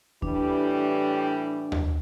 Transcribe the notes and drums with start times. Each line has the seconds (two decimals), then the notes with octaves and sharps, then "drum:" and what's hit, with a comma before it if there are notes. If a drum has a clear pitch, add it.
0.22 A2 E3 G3 D4, drum: kick D#2
1.72 drum: tom D#2